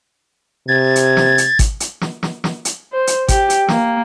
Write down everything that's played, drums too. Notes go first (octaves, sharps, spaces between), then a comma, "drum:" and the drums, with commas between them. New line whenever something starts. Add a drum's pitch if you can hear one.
C3 G#6 A6
drum: hi-hat
drum: snare
drum: hi-hat
drum: kick, hi-hat
drum: hi-hat
drum: snare
drum: snare
drum: snare
drum: hi-hat
C5
drum: hi-hat
G4, drum: kick, hi-hat
drum: hi-hat
A#3, drum: snare